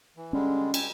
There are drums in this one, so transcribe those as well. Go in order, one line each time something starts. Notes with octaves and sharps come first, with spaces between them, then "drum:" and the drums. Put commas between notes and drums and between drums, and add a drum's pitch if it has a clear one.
E3
D3 G3 G#3 C#4
G5 G#5, drum: cymbal